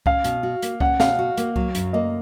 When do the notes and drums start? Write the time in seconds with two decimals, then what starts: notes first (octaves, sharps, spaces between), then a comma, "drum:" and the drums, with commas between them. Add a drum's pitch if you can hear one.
0.06 C#4 F5, drum: kick C2
0.24 B2, drum: hi-hat
0.43 F#4
0.62 A#3, drum: hi-hat
0.80 C#4 F#5, drum: kick C2
1.00 B2 F5, drum: snare
1.19 F#4
1.37 A#3, drum: hi-hat
1.56 F#3, drum: kick C2
1.75 F#2, drum: hi-hat
1.93 A#3 D#5